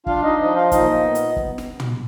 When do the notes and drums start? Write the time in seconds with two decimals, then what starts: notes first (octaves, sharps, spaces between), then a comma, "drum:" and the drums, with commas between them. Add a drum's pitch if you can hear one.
0.06 D4 F4 F5, drum: kick
0.23 D#4 D#5
0.39 F3 D#4 D#5
0.55 F4 F5
0.72 A#2 D#4 D#5, drum: kick, hi-hat
1.04 B3
1.15 drum: hi-hat
1.36 drum: kick
1.58 drum: snare
1.80 drum: tom